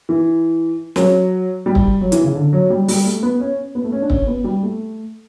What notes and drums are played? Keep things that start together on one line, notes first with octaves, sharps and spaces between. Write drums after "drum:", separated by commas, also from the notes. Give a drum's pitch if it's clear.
E3
F#3, drum: snare
G3
drum: kick
F#3
E3, drum: hi-hat
C#3
D3
F#3
G3
G3, drum: open hi-hat
A3
B3
C#4
B3
A3
C#4
D4
C#4, drum: kick
B3
G3
A3